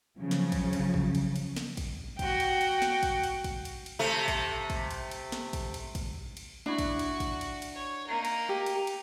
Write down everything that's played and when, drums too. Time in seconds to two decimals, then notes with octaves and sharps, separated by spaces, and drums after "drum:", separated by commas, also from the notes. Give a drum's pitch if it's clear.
0.19 C#3 F3 F#3
0.31 drum: snare
0.52 drum: kick, cymbal
0.73 drum: cymbal
0.94 drum: kick
1.15 drum: cymbal
1.36 drum: cymbal
1.56 drum: snare
1.77 drum: kick, cymbal
2.19 F#4 G5, drum: kick, cymbal
2.40 drum: cymbal
2.61 drum: cymbal
2.82 drum: snare
3.03 drum: kick, cymbal
3.24 drum: cymbal
3.44 drum: kick, cymbal
3.65 drum: cymbal
3.86 drum: cymbal
3.99 C3 A3
4.28 drum: kick, cymbal
4.70 drum: kick, cymbal
4.91 drum: cymbal
5.11 drum: cymbal
5.32 drum: snare
5.53 drum: kick, cymbal
5.74 drum: cymbal
5.95 drum: kick, cymbal
6.37 drum: cymbal
6.66 D4 E4 F#4
6.78 drum: kick, cymbal
6.99 drum: cymbal
7.20 drum: kick, cymbal
7.41 drum: cymbal
7.62 drum: cymbal
7.74 C#5
8.07 A#3 D#4
8.25 drum: cymbal
8.49 G4
8.66 drum: cymbal
8.87 drum: cymbal